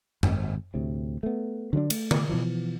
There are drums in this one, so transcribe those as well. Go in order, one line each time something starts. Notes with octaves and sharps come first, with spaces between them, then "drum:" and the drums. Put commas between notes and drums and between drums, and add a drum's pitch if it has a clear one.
G#1, drum: tom F#2
D2 A2 C3
A3 B3
D3 F#3 C#4 D4
A3, drum: cymbal
drum: tom D3
B2 E3 F3